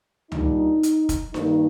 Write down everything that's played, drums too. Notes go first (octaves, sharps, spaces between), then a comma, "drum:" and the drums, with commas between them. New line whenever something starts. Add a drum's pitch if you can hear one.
A#2 G3 D4 D#4, drum: tom C#2
drum: hi-hat
drum: kick, hi-hat
G2 D#3 A#3 D#4, drum: snare D4